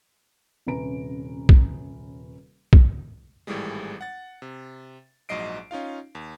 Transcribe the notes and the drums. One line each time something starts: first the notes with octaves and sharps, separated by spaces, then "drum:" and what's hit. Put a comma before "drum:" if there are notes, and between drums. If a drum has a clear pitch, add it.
D#1 C3 C#4 B4 A#5 D7
drum: kick
drum: kick
G#1 A2 E3 G3 G#3
F#5 A6
C3
A#1 G#2 F#3 D#5 C7 D7
C#4 D#4 F4 F5
D#2